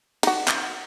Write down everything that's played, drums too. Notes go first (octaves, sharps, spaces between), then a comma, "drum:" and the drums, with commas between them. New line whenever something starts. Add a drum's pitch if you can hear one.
D#4 F#4, drum: cymbal
drum: clap